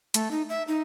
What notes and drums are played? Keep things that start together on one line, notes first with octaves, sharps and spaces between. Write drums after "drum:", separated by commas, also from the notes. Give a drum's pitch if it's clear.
A3, drum: hi-hat
D#4
E5
D#4